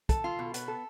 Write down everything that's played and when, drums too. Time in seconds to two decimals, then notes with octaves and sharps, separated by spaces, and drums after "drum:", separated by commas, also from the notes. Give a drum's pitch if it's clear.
0.09 A4, drum: kick, hi-hat
0.24 F4
0.39 B2
0.54 B3, drum: hi-hat
0.68 A4